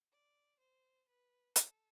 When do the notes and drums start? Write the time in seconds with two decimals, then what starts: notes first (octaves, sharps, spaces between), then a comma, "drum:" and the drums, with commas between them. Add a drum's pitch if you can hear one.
0.12 D5
0.60 C5
1.08 B4
1.56 A4, drum: hi-hat